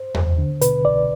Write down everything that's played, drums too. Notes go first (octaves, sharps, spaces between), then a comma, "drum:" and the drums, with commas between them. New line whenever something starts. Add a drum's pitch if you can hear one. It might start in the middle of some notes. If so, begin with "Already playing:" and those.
Already playing: C5
D#2, drum: tom E2
D3
B2 B4, drum: hi-hat
C2 D5